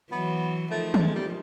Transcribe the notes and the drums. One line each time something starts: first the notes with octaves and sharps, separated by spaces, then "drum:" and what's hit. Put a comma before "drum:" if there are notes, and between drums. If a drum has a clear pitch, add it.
E3 F#3 B3
D#3 F3 A3
A3, drum: tom D#3
G#3
G3